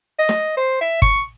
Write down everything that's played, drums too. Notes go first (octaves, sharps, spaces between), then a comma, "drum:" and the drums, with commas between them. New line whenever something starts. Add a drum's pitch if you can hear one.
D#5
drum: snare
C5
E5
C#6, drum: kick G1